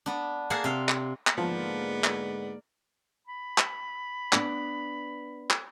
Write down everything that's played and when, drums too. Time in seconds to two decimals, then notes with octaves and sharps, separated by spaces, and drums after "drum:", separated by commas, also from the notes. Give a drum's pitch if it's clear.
0.06 B3 D4
0.50 A#3 G#4 A#4 F#5 A5
0.64 C3 F5
0.89 drum: clap
1.27 drum: clap
1.38 G#2 D3 F3 G#3 A#3 B3 D5
2.04 drum: clap
3.27 B5
3.58 drum: clap
4.33 B3 D4, drum: clap
5.51 drum: clap